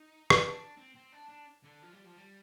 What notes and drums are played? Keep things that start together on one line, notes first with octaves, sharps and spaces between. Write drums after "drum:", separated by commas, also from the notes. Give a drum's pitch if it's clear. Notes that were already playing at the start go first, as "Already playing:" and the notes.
Already playing: D#4
drum: rim click
D4
C4
C4
D4
D4
D3
F3
G3
F3
G3